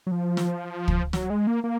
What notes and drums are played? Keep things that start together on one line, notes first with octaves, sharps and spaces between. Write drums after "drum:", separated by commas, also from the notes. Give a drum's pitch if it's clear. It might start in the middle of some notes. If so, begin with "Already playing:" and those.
F#3
F3
drum: snare
drum: kick
F#3, drum: snare
G#3
A#3
A#3